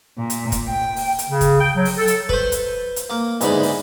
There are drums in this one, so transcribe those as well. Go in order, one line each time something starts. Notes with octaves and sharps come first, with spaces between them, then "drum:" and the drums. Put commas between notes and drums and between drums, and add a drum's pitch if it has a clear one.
A#2
drum: hi-hat
drum: kick, hi-hat
G5
drum: open hi-hat
drum: hi-hat
C#3
drum: kick, hi-hat
G5
F#3
drum: open hi-hat
A4
drum: hi-hat
B4 C5, drum: kick
drum: hi-hat
drum: hi-hat
A#3
E2 G#2 D3 B5, drum: hi-hat
drum: open hi-hat